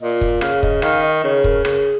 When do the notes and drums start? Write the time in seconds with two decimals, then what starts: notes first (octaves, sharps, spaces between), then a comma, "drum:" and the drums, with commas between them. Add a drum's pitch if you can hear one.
0.01 A#2 D#5
0.21 drum: kick
0.41 C#3 F5, drum: rim click
0.63 D#5, drum: kick
0.82 D#3 F5, drum: rim click
1.03 D#5
1.24 C#3 C#5
1.44 A#4, drum: kick
1.65 C#3 G#4, drum: rim click